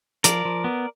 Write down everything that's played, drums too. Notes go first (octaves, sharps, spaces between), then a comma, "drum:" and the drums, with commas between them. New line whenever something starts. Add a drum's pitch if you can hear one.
F3 A#4 D5, drum: hi-hat
F3
B3